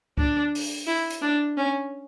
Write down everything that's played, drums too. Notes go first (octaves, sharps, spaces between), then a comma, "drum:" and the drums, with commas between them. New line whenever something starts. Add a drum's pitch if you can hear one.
D4, drum: kick C#2
drum: open hi-hat
E4
drum: hi-hat
D4
C#4